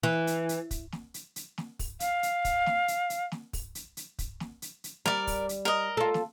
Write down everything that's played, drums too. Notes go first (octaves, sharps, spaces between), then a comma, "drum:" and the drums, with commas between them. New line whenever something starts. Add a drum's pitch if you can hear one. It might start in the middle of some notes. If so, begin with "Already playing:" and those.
E3
drum: hi-hat
drum: hi-hat
drum: kick, hi-hat
drum: snare
drum: hi-hat
drum: hi-hat
drum: snare
drum: kick, open hi-hat
F5, drum: hi-hat
drum: hi-hat
drum: kick, hi-hat
drum: snare
drum: hi-hat
drum: hi-hat
drum: snare
drum: kick, open hi-hat
drum: hi-hat
drum: hi-hat
drum: kick, hi-hat
drum: snare
drum: hi-hat
drum: hi-hat
G3 A#4 D5, drum: snare
drum: kick, open hi-hat
drum: hi-hat
A#4 D#5
F4 A4
drum: snare